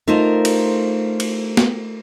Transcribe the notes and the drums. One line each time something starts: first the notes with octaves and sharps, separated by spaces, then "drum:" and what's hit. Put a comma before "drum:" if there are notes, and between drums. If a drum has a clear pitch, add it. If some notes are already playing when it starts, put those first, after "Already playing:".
A3 D#4 F4 A#4 C5
drum: cymbal
drum: cymbal
drum: snare